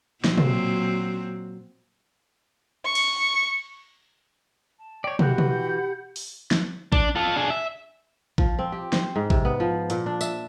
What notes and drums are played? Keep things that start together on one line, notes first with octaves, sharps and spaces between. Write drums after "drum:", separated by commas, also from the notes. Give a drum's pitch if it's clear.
A#2 F#3 C4, drum: snare
drum: tom
C#6
drum: cymbal
A5
C#5 D5 G5
E3 F#4 G4 F#5 B5 F#6 G6, drum: tom
drum: tom
drum: open hi-hat
drum: snare
D4, drum: kick A1
F4 A4
D4 G#4
E5
F3, drum: kick A1
C4
G4
C5, drum: snare
G#2
C3, drum: kick A1
B3
F3
A#2, drum: hi-hat
D4
E5, drum: tambourine